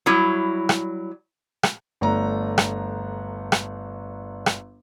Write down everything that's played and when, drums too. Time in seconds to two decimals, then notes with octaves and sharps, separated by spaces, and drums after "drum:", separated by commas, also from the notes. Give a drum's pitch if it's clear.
0.06 F#3 G3 E4
0.69 drum: rim click
1.63 drum: rim click
2.01 G1 A3 D4 A#5
2.58 drum: rim click
3.52 drum: rim click
4.46 drum: rim click